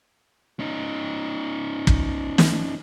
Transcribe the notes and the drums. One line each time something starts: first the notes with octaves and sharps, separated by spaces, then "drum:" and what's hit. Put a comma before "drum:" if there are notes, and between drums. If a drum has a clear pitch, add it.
C#4 D#4
drum: kick
drum: snare